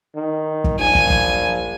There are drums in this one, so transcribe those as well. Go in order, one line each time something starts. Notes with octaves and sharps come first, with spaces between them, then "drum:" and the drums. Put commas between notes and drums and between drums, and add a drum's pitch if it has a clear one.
D#3
drum: kick
A#1 G#5
drum: kick
drum: kick